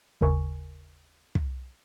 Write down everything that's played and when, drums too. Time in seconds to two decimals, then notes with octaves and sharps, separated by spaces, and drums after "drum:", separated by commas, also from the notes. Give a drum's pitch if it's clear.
0.21 G1 D#2 C#3 A#4 G#5 C#6
1.35 drum: kick